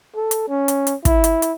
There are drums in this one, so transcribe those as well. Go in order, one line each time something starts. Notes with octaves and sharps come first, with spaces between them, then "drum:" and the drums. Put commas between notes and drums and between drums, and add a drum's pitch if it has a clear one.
A4
drum: hi-hat
C#4
drum: hi-hat
drum: hi-hat
E4, drum: kick, hi-hat
drum: hi-hat
drum: hi-hat